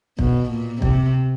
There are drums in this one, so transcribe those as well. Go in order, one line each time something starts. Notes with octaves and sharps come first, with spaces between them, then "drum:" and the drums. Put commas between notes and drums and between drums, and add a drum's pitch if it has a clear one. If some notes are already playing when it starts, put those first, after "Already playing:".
B2, drum: kick
A#2
C3, drum: kick